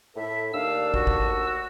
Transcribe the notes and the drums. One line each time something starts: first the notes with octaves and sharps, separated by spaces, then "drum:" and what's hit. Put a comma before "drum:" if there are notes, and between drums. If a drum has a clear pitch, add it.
A2 A4 E5
D#2 A3 D4 F5 E6
F#4, drum: kick
drum: kick